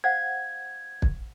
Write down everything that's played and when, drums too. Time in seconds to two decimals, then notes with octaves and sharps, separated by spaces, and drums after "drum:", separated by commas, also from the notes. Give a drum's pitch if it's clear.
0.04 C5 F5 F#5 G#6
1.02 drum: kick